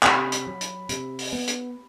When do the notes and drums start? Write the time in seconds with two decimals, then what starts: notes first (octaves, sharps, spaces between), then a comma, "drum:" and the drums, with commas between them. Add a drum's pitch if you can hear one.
0.03 C3 B5, drum: clap
0.32 drum: hi-hat
0.47 F#3
0.61 drum: hi-hat
0.89 C3, drum: hi-hat
1.19 drum: open hi-hat
1.33 B3
1.47 drum: hi-hat